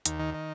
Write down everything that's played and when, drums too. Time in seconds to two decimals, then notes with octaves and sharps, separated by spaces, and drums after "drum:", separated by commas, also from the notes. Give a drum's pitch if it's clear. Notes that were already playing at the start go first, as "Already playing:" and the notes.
0.06 D#2, drum: hi-hat
0.19 D#3
0.34 D#3